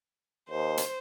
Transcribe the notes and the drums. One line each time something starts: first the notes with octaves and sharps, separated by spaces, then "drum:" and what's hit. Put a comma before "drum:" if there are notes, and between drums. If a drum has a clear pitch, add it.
D#2 C5
drum: hi-hat